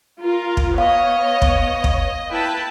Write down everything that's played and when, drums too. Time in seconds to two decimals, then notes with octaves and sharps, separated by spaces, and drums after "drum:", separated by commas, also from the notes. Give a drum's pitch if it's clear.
0.20 F4 A#4
0.57 drum: kick
0.78 B3 C#5 D#5 F5
1.42 drum: kick
1.84 drum: kick
2.31 E4 B4 G5 A5